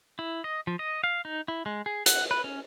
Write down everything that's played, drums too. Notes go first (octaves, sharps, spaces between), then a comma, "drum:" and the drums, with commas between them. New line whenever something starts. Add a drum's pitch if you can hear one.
E4
D#5
F3
D#5
F5
D#4
E4
G#3
G#4
F#5, drum: hi-hat
B4
C#4